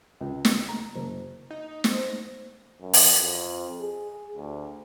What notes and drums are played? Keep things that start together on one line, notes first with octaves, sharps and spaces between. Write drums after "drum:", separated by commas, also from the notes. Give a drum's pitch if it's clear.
C#2
drum: snare
A#5
F#1
D#4
F3, drum: snare
A#6
F#2
drum: open hi-hat
F2
G#4
D2